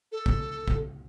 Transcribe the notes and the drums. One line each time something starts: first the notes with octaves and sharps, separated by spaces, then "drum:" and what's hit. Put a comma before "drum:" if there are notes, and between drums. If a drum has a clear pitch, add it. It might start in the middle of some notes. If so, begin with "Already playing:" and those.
A4
drum: kick
drum: kick